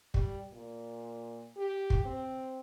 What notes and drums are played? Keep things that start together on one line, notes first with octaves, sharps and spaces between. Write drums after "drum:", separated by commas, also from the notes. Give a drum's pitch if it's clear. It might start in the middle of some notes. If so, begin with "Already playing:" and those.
G3, drum: kick
A#2
G4
drum: kick
C4